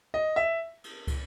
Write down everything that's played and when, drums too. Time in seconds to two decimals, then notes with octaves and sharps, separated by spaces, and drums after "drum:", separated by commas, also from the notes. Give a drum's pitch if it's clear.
0.14 D#5
0.36 E5
0.84 drum: cymbal
1.07 drum: kick, cymbal